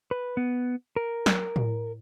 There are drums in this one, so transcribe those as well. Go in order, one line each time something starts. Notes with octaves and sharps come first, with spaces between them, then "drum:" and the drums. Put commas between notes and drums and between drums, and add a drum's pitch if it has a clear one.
B4
B3
A#4
drum: snare
drum: tom A2